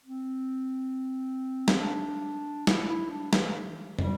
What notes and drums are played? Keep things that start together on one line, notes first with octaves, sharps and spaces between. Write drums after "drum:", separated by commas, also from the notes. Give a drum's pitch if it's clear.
C4
drum: snare
D4
E4, drum: snare
E4
D4
E3, drum: snare
G3, drum: tom